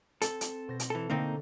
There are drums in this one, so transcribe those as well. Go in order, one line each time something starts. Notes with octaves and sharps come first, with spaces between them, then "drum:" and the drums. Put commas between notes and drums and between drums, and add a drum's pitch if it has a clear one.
C4 A4, drum: hi-hat
drum: hi-hat
B2 C5 A#6
drum: hi-hat
E3 A4
D3 A3 A#3 C4 D#4